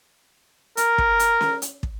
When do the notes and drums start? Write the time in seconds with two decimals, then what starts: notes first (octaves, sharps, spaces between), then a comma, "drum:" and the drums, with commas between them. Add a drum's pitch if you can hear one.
0.77 A#4, drum: hi-hat
0.98 drum: kick
1.19 drum: hi-hat
1.41 drum: snare C#4
1.62 drum: hi-hat
1.83 drum: kick